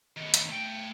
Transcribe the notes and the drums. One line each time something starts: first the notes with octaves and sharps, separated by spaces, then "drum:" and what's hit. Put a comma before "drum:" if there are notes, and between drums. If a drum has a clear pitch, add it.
D#3 B3
drum: hi-hat
A3 G5